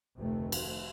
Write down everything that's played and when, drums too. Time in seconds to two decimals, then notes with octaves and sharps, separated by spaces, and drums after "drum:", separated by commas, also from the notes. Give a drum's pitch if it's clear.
0.17 F1 D2 C3 D#3 A3
0.52 drum: cymbal